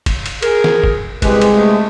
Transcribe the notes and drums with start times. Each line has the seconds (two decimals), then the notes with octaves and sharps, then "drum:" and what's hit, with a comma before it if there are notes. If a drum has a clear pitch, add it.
0.06 drum: kick, cymbal
0.26 drum: cymbal
0.42 G#4 A#4, drum: cymbal
0.64 drum: snare
0.84 drum: kick
1.22 C2 G#3 G4 B4, drum: kick, cymbal
1.42 drum: cymbal
1.56 A3